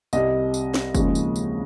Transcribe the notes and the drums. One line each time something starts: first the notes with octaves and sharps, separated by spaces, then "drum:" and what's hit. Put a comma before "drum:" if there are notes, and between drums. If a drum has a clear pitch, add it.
C2 C3 G3 D#5, drum: tambourine
drum: tambourine
drum: snare
D#2 C#3 F3 G#3, drum: kick, tambourine
drum: tambourine
drum: tambourine